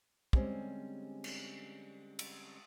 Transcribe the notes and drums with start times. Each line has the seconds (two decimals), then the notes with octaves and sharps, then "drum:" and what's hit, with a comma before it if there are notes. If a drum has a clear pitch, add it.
0.33 D3 G3 G#3 C4 C#4, drum: kick
1.24 drum: cymbal
2.19 drum: cymbal